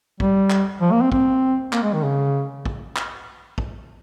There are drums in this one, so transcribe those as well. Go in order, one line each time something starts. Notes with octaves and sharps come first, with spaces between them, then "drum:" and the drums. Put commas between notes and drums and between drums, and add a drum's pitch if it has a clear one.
G3, drum: kick
drum: clap
F3
A#3
C4
C4, drum: kick
A#3, drum: clap
G#3
D#3
C#3
drum: kick
drum: clap
drum: kick